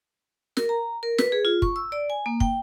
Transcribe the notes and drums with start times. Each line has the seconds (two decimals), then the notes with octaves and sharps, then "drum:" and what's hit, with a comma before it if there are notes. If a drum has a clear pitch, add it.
0.57 A#4, drum: snare
0.69 A#5
1.03 A#4
1.18 B4, drum: snare
1.32 G#4
1.45 F4
1.62 C#6, drum: kick
1.76 E6
1.92 D5
2.10 G#5
2.26 A#3
2.40 G5, drum: kick